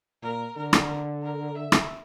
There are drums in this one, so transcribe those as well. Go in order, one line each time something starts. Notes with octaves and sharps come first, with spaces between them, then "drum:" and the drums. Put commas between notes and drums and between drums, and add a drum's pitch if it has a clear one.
A#2 A#4
D3 A#4
drum: rim click
A#4
E5
drum: rim click